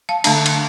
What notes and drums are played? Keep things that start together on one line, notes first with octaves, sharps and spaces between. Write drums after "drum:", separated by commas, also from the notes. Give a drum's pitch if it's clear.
F5 A5
D3 A3 D4 F5 A5, drum: cymbal
drum: cymbal